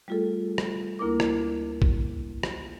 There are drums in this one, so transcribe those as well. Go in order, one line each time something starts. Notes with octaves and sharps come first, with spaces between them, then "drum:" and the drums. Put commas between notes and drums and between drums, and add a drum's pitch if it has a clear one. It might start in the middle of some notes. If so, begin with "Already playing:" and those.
G3 A3 F4 G#4 A4
drum: rim click
D2 A#3 E4 A#4 D6
drum: rim click
drum: kick
drum: rim click